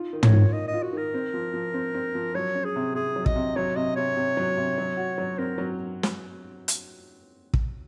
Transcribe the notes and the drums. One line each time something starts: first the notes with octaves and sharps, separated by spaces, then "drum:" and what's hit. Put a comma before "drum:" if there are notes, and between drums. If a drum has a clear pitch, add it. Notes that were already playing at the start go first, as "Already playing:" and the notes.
Already playing: D#4 F4
D#3
C#5, drum: tom
F4
D#3 D#5
D#5
F4
F#4
D#3
A#4
C4
F3
F3
C4
C4
F3
F#3 C#5
C#4
G#4
C3
C3 G#4
F#3
D#5, drum: kick
C3
F#3 C#5
C3 D#5
C3 C#5
C3
F#3
C3
F#3
F#4
F#3
C4 A#4
F#3
drum: snare
drum: hi-hat
drum: kick